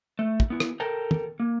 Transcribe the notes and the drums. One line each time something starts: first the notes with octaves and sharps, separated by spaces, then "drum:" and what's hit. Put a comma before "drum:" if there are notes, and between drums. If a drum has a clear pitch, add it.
A3
drum: kick
B3 E4
drum: rim click
A4 A#4 G5
drum: tom
A#3